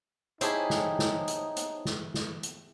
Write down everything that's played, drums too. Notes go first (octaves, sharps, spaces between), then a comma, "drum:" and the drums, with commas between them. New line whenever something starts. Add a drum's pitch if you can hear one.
D#4 E4 G4 G#4 C5 C#5 A5, drum: hi-hat
drum: snare
drum: snare
drum: hi-hat
drum: hi-hat
drum: snare
drum: snare
drum: hi-hat